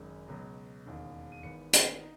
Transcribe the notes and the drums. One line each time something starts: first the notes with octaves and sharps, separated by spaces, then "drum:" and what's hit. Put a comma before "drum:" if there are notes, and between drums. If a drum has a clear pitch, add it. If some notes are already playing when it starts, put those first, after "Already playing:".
Already playing: G#1 F#2 C#3 G#3 D#4
C#2 B2 F#3
E1 D#2 C#3
D#7
G#1 G#2 E3 B3 C#7
drum: hi-hat
D#4